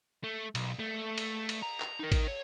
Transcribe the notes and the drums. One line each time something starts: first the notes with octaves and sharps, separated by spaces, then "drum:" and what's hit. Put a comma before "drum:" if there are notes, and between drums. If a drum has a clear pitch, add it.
A3
B1, drum: cymbal
A3
drum: cymbal
drum: cymbal
A#5
drum: clap
D#4 A#4
drum: kick, cymbal
C#5